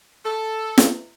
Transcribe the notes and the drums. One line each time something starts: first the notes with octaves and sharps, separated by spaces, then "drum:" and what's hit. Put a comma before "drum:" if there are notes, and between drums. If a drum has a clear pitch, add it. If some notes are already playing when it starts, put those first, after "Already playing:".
A4
drum: snare